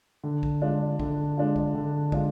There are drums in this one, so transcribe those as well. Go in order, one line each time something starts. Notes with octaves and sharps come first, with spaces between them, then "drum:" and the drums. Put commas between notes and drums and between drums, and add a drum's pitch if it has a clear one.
D3
drum: kick
G#3 D4 F4
D3, drum: kick
G#3 D4 F4
drum: kick
D3
G#3 D4 F4, drum: kick